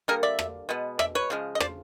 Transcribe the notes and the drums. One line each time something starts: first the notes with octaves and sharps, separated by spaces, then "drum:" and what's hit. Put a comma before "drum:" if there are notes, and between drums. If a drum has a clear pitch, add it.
D3 G3 A#3 G#4 A#4
D5 E5
drum: rim click
B2 G#3 B3
D5 E5, drum: rim click
B4 C#5
C#3 F3 G#3
D#5
C5 D5, drum: rim click